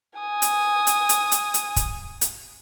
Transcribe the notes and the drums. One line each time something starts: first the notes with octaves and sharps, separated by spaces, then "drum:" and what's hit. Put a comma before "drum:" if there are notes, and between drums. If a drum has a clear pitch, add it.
G#5 D#6
drum: hi-hat
drum: hi-hat
drum: hi-hat
drum: hi-hat
drum: hi-hat
drum: kick, hi-hat
drum: hi-hat